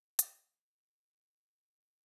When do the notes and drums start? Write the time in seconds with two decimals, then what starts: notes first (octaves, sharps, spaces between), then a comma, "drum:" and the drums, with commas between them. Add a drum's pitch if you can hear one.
0.19 F#3 G#3 C4 F#4 E5, drum: hi-hat